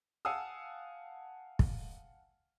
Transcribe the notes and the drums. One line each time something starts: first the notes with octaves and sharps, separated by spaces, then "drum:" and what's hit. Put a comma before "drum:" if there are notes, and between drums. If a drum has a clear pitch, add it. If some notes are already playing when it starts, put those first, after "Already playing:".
F5 F#5 G#5 A5 D#6 E6
drum: kick